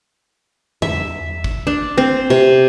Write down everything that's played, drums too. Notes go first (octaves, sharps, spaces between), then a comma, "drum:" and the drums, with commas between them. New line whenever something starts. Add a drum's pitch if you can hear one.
E5, drum: tom
drum: kick G#1
D4
C4
C3